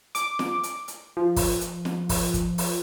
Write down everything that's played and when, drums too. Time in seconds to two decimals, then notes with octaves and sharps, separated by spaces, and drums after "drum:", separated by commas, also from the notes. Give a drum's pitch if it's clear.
0.15 D6, drum: hi-hat
0.39 drum: snare
0.63 drum: hi-hat
0.88 drum: hi-hat
1.17 F3
1.36 drum: kick, open hi-hat
1.61 drum: hi-hat
1.85 drum: snare
2.09 drum: kick, open hi-hat
2.34 drum: kick, hi-hat
2.58 drum: open hi-hat